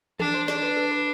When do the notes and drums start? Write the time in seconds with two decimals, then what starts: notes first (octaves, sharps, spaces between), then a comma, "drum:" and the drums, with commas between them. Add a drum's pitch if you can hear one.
0.20 D4 A4, drum: tom D#3
0.34 C5
0.48 D4 D5, drum: snare
0.63 B4
0.77 A4
0.92 B4